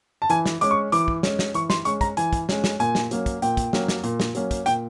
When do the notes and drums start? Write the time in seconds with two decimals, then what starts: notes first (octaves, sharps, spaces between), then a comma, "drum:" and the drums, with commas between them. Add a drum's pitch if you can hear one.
0.22 A5
0.30 E3 G#5, drum: hi-hat
0.46 drum: snare
0.61 G#3 C#4 D6, drum: hi-hat
0.71 C#6
0.92 E3 D6, drum: hi-hat
1.08 drum: kick
1.23 G#3 C#4, drum: snare
1.39 drum: snare
1.54 E3 C#6, drum: hi-hat
1.70 C6, drum: snare
1.85 G#3 C#4 C#6, drum: hi-hat
2.01 A#5, drum: kick, hi-hat
2.17 E3 G#5, drum: hi-hat
2.33 drum: kick, hi-hat
2.49 G#3 C#4, drum: snare
2.64 drum: snare
2.80 A#2 G#5, drum: hi-hat
2.95 drum: snare
3.11 F#3 A#3 C#4, drum: hi-hat
3.26 drum: kick, hi-hat
3.42 A#2 G5, drum: hi-hat
3.57 drum: kick, hi-hat
3.73 F#3 A#3 C#4, drum: snare
3.88 drum: snare
4.04 A#2, drum: hi-hat
4.20 drum: snare
4.35 F#3 A#3 C#4, drum: hi-hat
4.51 drum: kick, hi-hat
4.66 A#2 G5, drum: hi-hat